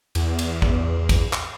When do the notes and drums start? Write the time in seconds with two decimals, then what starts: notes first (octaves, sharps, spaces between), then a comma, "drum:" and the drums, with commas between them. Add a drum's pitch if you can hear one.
0.15 E2, drum: cymbal
0.39 drum: cymbal
0.62 drum: kick
1.09 drum: kick, cymbal
1.33 drum: clap